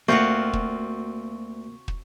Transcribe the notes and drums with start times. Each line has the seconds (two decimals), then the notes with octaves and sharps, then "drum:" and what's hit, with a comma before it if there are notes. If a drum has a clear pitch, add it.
0.09 D2 A#3 C4 F4 F#4 C#6
0.53 drum: kick
1.88 drum: kick